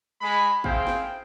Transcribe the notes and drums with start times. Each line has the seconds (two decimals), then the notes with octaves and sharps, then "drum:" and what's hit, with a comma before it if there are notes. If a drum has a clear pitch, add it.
0.21 G#3 B5
0.64 C4 E4 G#4 C5 F5 G5, drum: kick
0.87 drum: snare